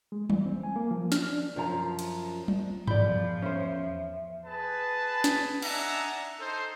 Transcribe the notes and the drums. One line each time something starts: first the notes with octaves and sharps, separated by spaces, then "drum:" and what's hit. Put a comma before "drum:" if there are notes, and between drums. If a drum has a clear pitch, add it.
G#3
E3, drum: tom F#3
C4
G#5
A#3
F3
F6, drum: snare
D4
F#2 F3 A#5
drum: cymbal
drum: tom F#3
E2 F3 D5 B5 G6, drum: tom G2
C#4 C5 E5
G#4 B4 A5
drum: snare
D4 D#4 E5 F#5 G#5 A#5, drum: cymbal
D#4 A4 C5